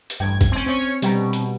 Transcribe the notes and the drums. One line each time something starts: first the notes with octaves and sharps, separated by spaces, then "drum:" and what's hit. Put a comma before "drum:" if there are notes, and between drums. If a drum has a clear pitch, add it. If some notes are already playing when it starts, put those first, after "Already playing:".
drum: hi-hat
A1 G2 G5 G#6
drum: kick G#1, hi-hat
C4 C#4
C4 C#4 C#5
B2 G3 G5 A#5, drum: hi-hat
drum: hi-hat